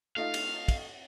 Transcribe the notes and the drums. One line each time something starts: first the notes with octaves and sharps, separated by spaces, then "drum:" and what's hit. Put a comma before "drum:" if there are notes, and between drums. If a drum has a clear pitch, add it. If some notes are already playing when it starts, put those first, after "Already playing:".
A3 D#4 F4 F5
drum: cymbal
drum: kick, cymbal